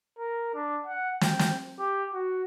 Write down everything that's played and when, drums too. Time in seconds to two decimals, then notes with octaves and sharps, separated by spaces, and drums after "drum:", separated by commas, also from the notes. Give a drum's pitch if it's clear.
0.18 A#4
0.54 D4
0.86 F#5
1.21 G5, drum: snare
1.39 drum: snare
1.79 G4
2.13 F#4